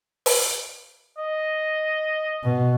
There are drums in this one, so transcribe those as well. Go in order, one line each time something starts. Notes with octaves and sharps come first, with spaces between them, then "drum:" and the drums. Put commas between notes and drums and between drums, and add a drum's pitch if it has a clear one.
drum: open hi-hat
D#5
B2